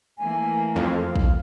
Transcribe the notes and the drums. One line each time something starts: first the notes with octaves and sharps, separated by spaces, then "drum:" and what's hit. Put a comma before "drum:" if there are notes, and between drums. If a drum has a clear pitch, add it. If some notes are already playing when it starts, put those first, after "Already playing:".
E3 A3 A#3 G#5
F2 F5
drum: kick